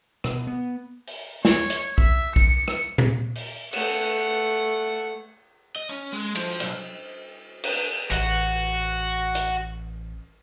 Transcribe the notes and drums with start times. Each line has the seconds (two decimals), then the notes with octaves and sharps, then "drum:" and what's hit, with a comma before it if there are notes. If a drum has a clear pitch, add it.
0.24 B2, drum: rim click
0.47 B3
1.07 drum: open hi-hat
1.45 C#5, drum: snare
1.70 drum: hi-hat
1.98 E5, drum: kick B1
2.36 C#7, drum: kick B1
2.68 drum: rim click
2.98 drum: tom A#2
3.35 drum: open hi-hat
3.73 A3 F#5, drum: cymbal
5.76 D#5
5.90 C#4
6.13 G#3
6.35 F3, drum: cymbal
6.60 B1, drum: hi-hat
7.64 drum: cymbal
8.11 A1 F#4, drum: hi-hat
9.35 drum: hi-hat